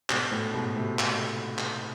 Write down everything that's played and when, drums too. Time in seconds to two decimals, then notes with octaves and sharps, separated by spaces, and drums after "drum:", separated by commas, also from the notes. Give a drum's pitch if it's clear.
0.10 G#2 B2, drum: clap
0.31 A2
0.54 G#2 B2
0.76 A2 C3
0.99 drum: clap
1.58 drum: clap